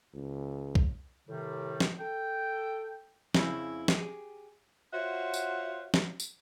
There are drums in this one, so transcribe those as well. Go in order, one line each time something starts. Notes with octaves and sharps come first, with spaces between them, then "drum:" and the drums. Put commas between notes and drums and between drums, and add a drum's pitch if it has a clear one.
C#2
drum: kick
A2 C3 D#3 G3
drum: snare
A4 G5
F2 C#3 C4 C#4 E4, drum: snare
G4 G#4, drum: snare
F4 F#4 C5 C#5 E5 F#5
drum: tambourine
drum: snare
drum: tambourine